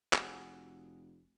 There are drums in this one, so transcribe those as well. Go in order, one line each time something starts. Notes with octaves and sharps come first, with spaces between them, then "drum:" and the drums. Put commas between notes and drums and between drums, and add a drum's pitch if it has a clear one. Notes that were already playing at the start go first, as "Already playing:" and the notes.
F1 F#4 G#4, drum: clap